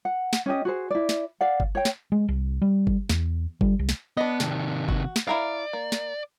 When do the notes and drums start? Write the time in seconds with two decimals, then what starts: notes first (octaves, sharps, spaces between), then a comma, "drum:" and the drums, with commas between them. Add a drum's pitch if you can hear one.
0.05 F#5
0.33 drum: snare
0.46 C#4 G4 D#5
0.65 F#4 G#4 C5
0.91 E4 D5
1.09 drum: snare
1.41 D5 F5 F#5
1.60 drum: kick G1
1.75 C#5 G5
1.85 drum: snare
2.12 G#3
2.28 C2
2.62 G3
2.87 drum: kick G1
3.09 E2, drum: snare
3.61 G3, drum: kick G1
3.79 C2
3.89 drum: snare
4.17 B3 D4 D#5
4.40 C3 D#3, drum: snare
4.89 F#4, drum: kick G1
5.16 drum: snare
5.27 E4 A#4 D5 F5
5.73 A#3
5.92 drum: snare